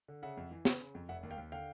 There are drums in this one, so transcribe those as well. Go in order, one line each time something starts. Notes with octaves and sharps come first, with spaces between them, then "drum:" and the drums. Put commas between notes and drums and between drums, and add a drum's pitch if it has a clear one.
D3
C#3 E5 F#5
F2
E3
C#3, drum: snare
C#3
F2
F1 E5 F#5
D#2
F5 G5
D#2
D3 F5 G5